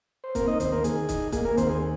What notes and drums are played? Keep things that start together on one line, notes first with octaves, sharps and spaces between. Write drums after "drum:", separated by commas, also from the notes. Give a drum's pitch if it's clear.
C5
A#3 C4 A#4, drum: kick, hi-hat
D#4 D#5
D#2 C4 C5, drum: hi-hat
A#3 A#4
D#3 G#4, drum: hi-hat
D#4, drum: kick, hi-hat
A#3 G#4, drum: kick, hi-hat
A#3 A#4
D#2 C4 C5, drum: hi-hat
G#4